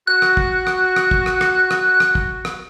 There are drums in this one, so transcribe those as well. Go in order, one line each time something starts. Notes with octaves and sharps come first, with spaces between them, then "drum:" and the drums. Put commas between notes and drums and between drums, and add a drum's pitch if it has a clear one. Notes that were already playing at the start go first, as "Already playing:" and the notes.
F#4 F#6
drum: rim click
drum: kick
drum: rim click
drum: rim click
drum: kick
drum: rim click
drum: rim click
drum: rim click
drum: rim click
drum: kick
drum: rim click